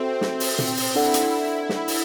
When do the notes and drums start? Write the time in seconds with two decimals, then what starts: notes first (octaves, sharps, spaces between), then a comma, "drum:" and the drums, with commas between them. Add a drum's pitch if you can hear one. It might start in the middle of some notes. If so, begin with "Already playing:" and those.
Already playing: C4 F#4 A4 C5 E5
0.21 C4, drum: snare
0.40 drum: open hi-hat
0.59 drum: tom
0.77 drum: open hi-hat
0.95 D4 E4 A4 D5 F#5
1.14 drum: hi-hat
1.69 drum: snare
1.88 drum: open hi-hat